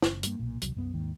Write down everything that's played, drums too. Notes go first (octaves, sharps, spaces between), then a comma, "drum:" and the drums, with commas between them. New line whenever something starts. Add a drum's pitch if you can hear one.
F#1, drum: snare
G2 A#3, drum: hi-hat
B1 A#2
E1 C2 F#3, drum: hi-hat
C2 F#2 B3
D#2 G#2 D#3 A#3